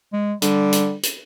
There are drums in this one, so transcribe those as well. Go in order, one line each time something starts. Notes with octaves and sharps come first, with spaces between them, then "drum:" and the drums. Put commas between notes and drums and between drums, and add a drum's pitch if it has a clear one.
G#3
D3 G3, drum: hi-hat
drum: hi-hat
drum: hi-hat